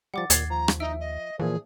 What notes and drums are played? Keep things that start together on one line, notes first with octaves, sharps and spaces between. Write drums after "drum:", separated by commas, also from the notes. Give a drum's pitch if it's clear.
F3 G3 F#5 D6 A6
D#2 A#2 G#6 A6 C7, drum: hi-hat
F3 A#5
drum: rim click
D#4 E5 E6 D7
D#5
A#2 E3 F3 G#4